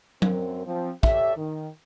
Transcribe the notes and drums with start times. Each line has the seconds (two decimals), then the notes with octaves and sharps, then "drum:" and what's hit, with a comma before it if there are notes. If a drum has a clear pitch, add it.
0.22 F#2 C4 A#4, drum: tom F#3
0.66 F3 C4
1.03 G4 A4 C#5 D5 E5, drum: kick
1.36 D#3